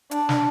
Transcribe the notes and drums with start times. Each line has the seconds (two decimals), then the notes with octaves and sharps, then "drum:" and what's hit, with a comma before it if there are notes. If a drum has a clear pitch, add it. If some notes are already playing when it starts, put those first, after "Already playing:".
0.11 D4, drum: hi-hat
0.29 drum: snare